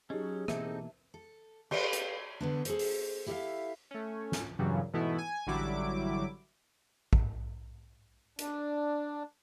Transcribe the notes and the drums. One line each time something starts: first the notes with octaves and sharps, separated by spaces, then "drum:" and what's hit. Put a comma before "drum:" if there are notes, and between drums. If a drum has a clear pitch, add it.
F#3 C#4 D#4 G4 G#4 D#5
B2 E3 A#3 C4 D#4 A4 E5 A5, drum: rim click
A4
G4 B4 D5 F5 G5, drum: cymbal
drum: hi-hat
D3 B3 D4
G#4 A4 C5, drum: hi-hat
drum: open hi-hat
E4 G4 A4 D5 E5 F5
A3 C#4
drum: snare
G2 A#2 C#3 E3 F#3 G3
G#2 B2 E3 A3 B3 E4
G#5
A1 D3 F#3 G3 E4 D6
drum: kick
D4, drum: hi-hat